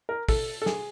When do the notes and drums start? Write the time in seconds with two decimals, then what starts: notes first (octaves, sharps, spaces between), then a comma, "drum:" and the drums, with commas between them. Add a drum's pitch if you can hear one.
0.09 A#4
0.29 A4, drum: kick, open hi-hat
0.62 A4
0.66 G#4, drum: snare